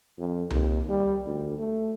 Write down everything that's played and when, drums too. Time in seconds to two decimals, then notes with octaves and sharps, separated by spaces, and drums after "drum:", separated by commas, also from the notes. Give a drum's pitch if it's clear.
0.18 F2
0.50 D#2, drum: tom C2
0.89 G3
1.26 D2
1.59 A3